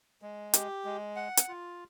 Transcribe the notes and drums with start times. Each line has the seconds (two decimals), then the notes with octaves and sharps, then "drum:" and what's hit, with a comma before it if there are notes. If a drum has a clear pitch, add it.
0.22 G#3
0.54 G4, drum: hi-hat
0.85 G#3
1.16 F#5
1.37 drum: hi-hat
1.48 F4